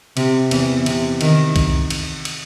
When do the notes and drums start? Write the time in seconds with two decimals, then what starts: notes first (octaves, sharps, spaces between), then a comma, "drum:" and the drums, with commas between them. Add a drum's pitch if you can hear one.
0.17 C3, drum: cymbal
0.51 E2 E3, drum: cymbal
0.86 C3, drum: cymbal
1.21 D#3, drum: cymbal
1.56 drum: kick, cymbal
1.90 drum: cymbal
2.25 drum: cymbal